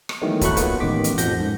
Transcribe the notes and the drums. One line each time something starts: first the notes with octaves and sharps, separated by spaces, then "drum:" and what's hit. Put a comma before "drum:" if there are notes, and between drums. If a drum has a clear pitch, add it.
drum: rim click
D#3 E3 F#3 G#3 A3 B3
G#1 F#3 A3 B5 C#6 F#6, drum: kick, hi-hat
A#3 B3 F4 B4 F#5, drum: kick, hi-hat
A1 B2 D#3 G#3 D6 B6
drum: hi-hat
A1 F2 F3 F#5 G6 A#6, drum: hi-hat
G#2